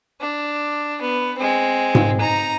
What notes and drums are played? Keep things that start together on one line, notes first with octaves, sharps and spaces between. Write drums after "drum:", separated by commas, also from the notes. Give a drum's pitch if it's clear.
D4
B3
G#3 C4
drum: tom G#2
D#4 A#5